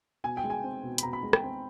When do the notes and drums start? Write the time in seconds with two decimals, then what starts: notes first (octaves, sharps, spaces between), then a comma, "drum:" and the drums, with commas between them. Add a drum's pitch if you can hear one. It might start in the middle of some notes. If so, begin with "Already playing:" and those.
0.24 B2 G#5
0.37 G5
0.44 G#3
0.50 G#5
0.64 C4
0.83 B2
0.98 B5, drum: hi-hat
1.03 B2 A#5
1.13 B5
1.23 G#3
1.33 G5, drum: rim click
1.43 C4